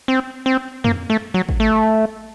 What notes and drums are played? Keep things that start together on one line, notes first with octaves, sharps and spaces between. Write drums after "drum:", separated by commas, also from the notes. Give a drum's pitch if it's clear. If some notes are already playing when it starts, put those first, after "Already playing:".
C4
C4
A#3, drum: tom F2
A3
F#3
drum: kick
A3